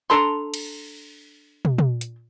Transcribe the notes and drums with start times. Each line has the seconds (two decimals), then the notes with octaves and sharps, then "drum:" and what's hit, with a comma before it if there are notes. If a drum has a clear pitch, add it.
0.10 D4 A4 A#5 C6
0.54 drum: cymbal
1.65 drum: tom
1.78 drum: tom
2.01 drum: hi-hat